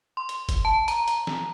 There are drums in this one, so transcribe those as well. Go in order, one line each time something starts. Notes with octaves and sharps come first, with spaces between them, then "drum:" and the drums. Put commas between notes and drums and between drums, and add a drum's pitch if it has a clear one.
C6
drum: hi-hat
drum: kick, hi-hat
A5
A#5, drum: hi-hat
drum: hi-hat
drum: snare